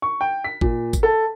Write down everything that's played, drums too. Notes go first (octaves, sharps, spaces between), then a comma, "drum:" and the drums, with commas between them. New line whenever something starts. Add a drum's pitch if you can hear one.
C#6
G5
B6
A#2, drum: kick G#1
drum: kick G#1, tambourine
A4